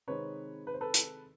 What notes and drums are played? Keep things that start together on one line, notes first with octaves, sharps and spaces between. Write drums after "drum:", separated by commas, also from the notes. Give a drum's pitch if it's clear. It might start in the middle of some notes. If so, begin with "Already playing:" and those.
C3 D#3 G#3 C4 D#4 B4 C#5
B4
C5
A4 B4
drum: hi-hat